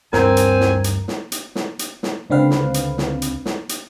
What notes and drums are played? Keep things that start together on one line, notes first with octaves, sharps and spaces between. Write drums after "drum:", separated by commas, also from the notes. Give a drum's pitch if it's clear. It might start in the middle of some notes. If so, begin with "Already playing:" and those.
D2 G2 E3 C4 A#4 G#5, drum: snare
drum: hi-hat
drum: snare
drum: hi-hat
drum: snare
drum: hi-hat
drum: snare
drum: hi-hat
drum: snare
C#2 D3 C4 B4 F5
drum: snare
drum: hi-hat
drum: snare
drum: hi-hat
drum: snare
drum: hi-hat